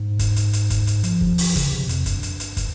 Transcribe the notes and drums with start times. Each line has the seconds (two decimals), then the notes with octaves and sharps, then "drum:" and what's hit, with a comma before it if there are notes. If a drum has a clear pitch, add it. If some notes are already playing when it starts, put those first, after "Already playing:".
Already playing: G#2
0.19 drum: kick, hi-hat
0.36 drum: hi-hat
0.53 drum: hi-hat
0.70 drum: kick, hi-hat
0.87 drum: hi-hat
1.04 F3, drum: hi-hat
1.21 drum: kick
1.38 drum: open hi-hat
1.55 C#3, drum: kick, hi-hat
1.72 C3
1.89 F2, drum: hi-hat
2.06 G2, drum: kick, hi-hat
2.23 drum: hi-hat
2.40 drum: hi-hat
2.57 drum: kick, hi-hat